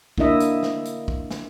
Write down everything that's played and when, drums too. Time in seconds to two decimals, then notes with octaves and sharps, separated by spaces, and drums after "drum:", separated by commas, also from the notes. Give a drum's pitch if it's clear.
0.18 D3 A#3 D4 E4 D#5 E5, drum: kick
0.40 drum: hi-hat
0.63 drum: snare
0.85 drum: hi-hat
1.08 drum: kick
1.31 drum: snare